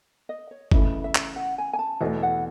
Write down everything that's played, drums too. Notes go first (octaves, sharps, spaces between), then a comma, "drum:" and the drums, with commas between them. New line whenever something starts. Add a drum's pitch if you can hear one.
D#5
C#5
C#3 E3 A3 E4 D#5, drum: kick G1
E5
drum: clap
F#5
G#5
G#5
A5
E2 B2 A3 D#5
F#5